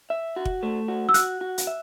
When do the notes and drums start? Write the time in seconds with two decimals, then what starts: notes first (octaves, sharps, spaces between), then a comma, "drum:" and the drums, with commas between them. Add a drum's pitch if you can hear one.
0.10 E5
0.36 F#4
0.45 drum: kick F1
0.63 A3
0.88 F#4
1.09 E6
1.14 F#4 F#6, drum: hi-hat
1.41 F#4
1.58 drum: hi-hat
1.67 E5